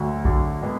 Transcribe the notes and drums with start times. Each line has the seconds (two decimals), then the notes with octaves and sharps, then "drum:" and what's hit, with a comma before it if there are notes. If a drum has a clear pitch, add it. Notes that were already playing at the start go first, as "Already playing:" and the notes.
Already playing: D2 D3 F#3
0.25 D2 D3 F#3, drum: kick A#1
0.62 D3 G#3 B3